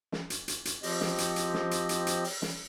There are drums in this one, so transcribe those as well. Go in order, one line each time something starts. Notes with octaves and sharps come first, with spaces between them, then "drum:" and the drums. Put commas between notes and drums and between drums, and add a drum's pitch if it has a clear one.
drum: snare
drum: hi-hat
drum: hi-hat
drum: hi-hat
F3 C4 G4 D#5, drum: open hi-hat
drum: snare
drum: hi-hat
drum: hi-hat
drum: snare
drum: hi-hat
drum: hi-hat
drum: hi-hat
drum: open hi-hat
drum: snare